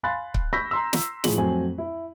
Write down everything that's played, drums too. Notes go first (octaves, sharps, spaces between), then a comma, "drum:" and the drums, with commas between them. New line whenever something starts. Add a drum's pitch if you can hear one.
F5 G#5 B5 C6 F#6 A6
drum: kick C#1
B5 C#6 E6 G6 A#6 B6
A#5 C6 E6
drum: snare
A2 F3 G#4 F#7, drum: snare
F2 F#3 A3 C4 C5 G#5
E4